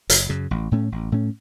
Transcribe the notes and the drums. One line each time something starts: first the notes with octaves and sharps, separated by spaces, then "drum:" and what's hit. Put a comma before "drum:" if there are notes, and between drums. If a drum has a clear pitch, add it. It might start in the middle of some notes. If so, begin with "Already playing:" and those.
F#1, drum: hi-hat
F#2 C#3
A1
A2 A3 C#4
A1
A2 A3 C#4